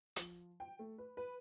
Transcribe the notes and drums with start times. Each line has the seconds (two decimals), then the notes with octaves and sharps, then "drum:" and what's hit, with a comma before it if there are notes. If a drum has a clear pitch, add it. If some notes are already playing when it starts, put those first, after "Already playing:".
0.16 F3, drum: hi-hat
0.60 G5
0.79 A3
0.98 B4
1.17 B4